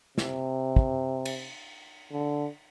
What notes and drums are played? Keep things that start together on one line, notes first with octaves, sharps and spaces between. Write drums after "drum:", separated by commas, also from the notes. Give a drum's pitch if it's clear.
C3, drum: snare
drum: kick
drum: cymbal
D3